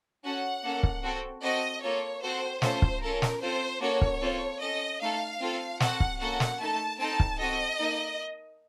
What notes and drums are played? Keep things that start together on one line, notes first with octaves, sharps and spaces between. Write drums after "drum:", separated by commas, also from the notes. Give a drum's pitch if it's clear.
C#4 F#4 A4 F#5
A#3 C#4 A4
drum: kick
C4 F#4 A4
C4 F#4 A4 D#5
A#3 F4 A4 C#5
C4 F#4 A4 C5
A3 C#4 F4 A4 C5, drum: snare
drum: kick
C#4 F4 A4 A#4
drum: snare
C4 F4 A4 C5
A#3 C#4 F#4 A4 C#5
drum: kick
C4 F4 A4
C#4 A4 D#5
A3 D#4 A4 F5
C4 F4 A4
C4 F#4 A4 F#5, drum: snare
drum: kick
A#3 C#4 F#4 A4 F#5
drum: snare
A3 D#4 A4 A5
C4 D#4 A4 A5
drum: kick
C4 F#4 A4 D#5
A#3 D#4 A4